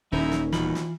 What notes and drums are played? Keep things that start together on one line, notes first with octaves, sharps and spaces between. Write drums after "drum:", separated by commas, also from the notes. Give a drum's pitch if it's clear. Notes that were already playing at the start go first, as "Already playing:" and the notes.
D#1 F#2 D#3 C#4 D#4 E4
drum: snare
D#2 B2 E3 F4 B5, drum: snare
drum: snare